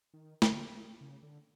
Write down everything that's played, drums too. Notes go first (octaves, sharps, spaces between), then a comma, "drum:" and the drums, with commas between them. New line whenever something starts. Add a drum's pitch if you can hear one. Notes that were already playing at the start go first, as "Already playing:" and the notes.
D#3
D3, drum: snare
C#3
D3